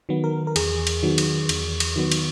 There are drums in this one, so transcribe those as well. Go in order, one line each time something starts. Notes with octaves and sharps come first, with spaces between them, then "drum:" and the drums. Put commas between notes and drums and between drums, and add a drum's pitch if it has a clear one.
D#3 F#3 B3
A#4
A#4
E2 G#4, drum: cymbal
drum: cymbal
D#3 F#3 B3
drum: cymbal
E2, drum: cymbal
drum: cymbal
D#3 F#3 B3
drum: cymbal